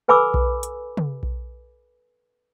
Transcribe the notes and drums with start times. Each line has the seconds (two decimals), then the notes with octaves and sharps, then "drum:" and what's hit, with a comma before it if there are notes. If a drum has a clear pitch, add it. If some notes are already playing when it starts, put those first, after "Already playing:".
0.08 A4 B4 G#5 B5 D6 E6
0.34 drum: kick B1
0.63 drum: hi-hat
0.97 drum: tom
1.23 drum: kick B1